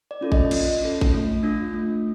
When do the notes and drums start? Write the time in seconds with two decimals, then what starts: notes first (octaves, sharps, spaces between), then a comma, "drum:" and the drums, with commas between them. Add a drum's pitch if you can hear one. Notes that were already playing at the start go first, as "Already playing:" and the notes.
0.11 D5
0.21 C#4 F4 A4
0.32 D#5, drum: kick A1
0.51 A#3, drum: cymbal
0.82 C#4 F4 A4
1.01 drum: kick A1
1.13 A3
1.43 D4 F4
1.73 A3